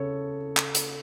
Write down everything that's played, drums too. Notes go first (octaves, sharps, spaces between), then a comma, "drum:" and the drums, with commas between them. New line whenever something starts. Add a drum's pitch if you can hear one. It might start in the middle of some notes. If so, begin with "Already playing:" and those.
Already playing: C#3 A4 C#5
drum: clap
drum: hi-hat